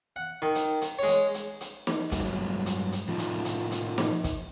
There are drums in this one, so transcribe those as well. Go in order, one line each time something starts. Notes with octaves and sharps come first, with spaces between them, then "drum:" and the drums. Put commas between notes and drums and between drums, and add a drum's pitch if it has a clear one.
F#5
D#3
drum: hi-hat
drum: hi-hat
G#3 C#5
drum: hi-hat
drum: hi-hat
drum: hi-hat
drum: snare
G2 F#3 G#3, drum: kick, hi-hat
drum: hi-hat
drum: hi-hat
A2 F3 D#4
drum: hi-hat
drum: hi-hat
drum: hi-hat
drum: snare
drum: kick, hi-hat